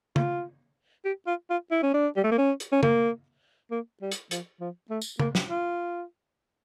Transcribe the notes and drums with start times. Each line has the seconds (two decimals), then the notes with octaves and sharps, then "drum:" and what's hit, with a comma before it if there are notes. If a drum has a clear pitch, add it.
0.16 F4, drum: tom C#3
1.05 G4
1.27 F4
1.50 F4
1.72 E4
1.83 C#4
1.94 D4
2.17 G3
2.24 A3
2.31 A#3
2.38 C#4
2.60 drum: hi-hat
2.72 C#4
2.83 A#3, drum: tom C#3
3.71 A#3
4.02 G3
4.12 drum: hi-hat
4.31 F3, drum: hi-hat
4.60 F3
4.90 A3
5.02 drum: tambourine
5.20 A#3, drum: tom C#3
5.35 drum: snare
5.50 F4